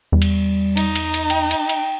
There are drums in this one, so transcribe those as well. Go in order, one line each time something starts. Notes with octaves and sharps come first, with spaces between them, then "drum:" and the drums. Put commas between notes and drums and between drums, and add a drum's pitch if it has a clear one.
E2 G3
drum: cymbal
D#4, drum: cymbal
drum: cymbal
drum: cymbal
G5, drum: cymbal
drum: cymbal
drum: cymbal